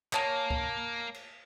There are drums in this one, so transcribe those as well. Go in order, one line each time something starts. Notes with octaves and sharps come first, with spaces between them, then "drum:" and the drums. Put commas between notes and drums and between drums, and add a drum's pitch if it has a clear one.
A#3 C#5 G#5 A5, drum: clap
drum: kick C#2
drum: cymbal